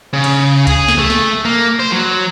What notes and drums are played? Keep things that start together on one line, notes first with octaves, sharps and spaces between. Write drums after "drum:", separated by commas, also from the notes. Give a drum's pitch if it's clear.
C#3
drum: cymbal
G#4, drum: kick C#2, cymbal
drum: snare
A3
drum: snare
A#3
C5
F#3